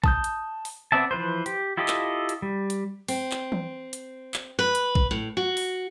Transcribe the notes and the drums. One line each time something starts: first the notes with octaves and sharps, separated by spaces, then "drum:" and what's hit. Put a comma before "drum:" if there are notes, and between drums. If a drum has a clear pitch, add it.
A5 D#6 G6, drum: kick
drum: hi-hat
drum: open hi-hat
B3 C4 D5 E5 A5
E3 F3 B4 C5
G4, drum: hi-hat
E4 F4 G4 A4 D#5
drum: clap
drum: hi-hat
G3
drum: hi-hat
C4, drum: open hi-hat
drum: clap
drum: tom E3
drum: hi-hat
drum: clap
B4
drum: hi-hat
drum: kick
A2
F#4
drum: open hi-hat